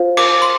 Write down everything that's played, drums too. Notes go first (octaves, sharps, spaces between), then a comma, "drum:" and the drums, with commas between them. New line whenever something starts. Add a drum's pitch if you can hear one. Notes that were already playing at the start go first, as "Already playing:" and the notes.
Already playing: F4 C5 F5
D6, drum: cymbal
C6